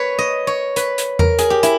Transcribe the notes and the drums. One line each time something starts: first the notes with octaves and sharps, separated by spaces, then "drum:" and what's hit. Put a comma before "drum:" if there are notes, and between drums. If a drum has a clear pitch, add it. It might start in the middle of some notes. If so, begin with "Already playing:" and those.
Already playing: B4 C#5
D#5
C#5
B4, drum: hi-hat
drum: hi-hat
A#4, drum: tom E2
G#4, drum: hi-hat
G4
E4, drum: hi-hat